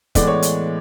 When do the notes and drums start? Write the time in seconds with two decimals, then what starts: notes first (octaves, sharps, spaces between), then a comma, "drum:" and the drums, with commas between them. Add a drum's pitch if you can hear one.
0.15 A2 E3 G#3 B3 D5, drum: kick, hi-hat
0.27 C#5
0.42 drum: hi-hat